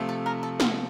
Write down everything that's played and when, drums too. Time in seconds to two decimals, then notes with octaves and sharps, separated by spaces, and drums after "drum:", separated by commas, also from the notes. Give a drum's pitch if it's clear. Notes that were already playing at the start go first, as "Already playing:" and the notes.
Already playing: C3 F3 A3
0.09 A4
0.26 A#4
0.43 A4
0.60 F4, drum: snare